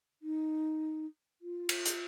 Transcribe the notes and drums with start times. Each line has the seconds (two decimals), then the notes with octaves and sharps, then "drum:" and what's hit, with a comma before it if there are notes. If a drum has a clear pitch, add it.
0.22 D#4
1.42 F4
1.69 drum: cymbal
1.85 drum: hi-hat